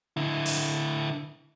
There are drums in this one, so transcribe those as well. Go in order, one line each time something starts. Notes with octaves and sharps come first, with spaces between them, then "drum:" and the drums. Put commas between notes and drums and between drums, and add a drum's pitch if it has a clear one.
D3 E4
drum: open hi-hat